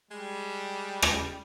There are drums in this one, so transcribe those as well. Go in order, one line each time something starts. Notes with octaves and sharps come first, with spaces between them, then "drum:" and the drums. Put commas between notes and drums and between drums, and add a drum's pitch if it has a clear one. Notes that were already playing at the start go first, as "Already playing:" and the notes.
G3 G#3
drum: rim click